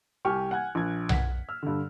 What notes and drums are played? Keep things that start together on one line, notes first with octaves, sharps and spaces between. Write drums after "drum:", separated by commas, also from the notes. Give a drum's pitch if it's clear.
C2 G4 G#5 C#6 F6
F#5 G#5 F#6 G#6
A#1 G#6
F#5 B6, drum: tom B1
E6 F6
G2 D3